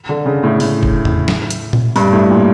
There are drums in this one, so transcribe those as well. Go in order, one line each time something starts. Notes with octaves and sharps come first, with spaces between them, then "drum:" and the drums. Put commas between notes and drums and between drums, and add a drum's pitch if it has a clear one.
D3
C#3
A2
A2, drum: open hi-hat
drum: kick F#1
drum: tom E2
drum: snare
drum: hi-hat
drum: tom A#2
G2, drum: open hi-hat
A2
A#2